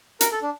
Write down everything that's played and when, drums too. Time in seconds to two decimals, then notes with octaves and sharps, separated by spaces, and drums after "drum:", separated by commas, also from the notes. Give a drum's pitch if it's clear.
0.21 A#4, drum: hi-hat
0.32 A4
0.42 D4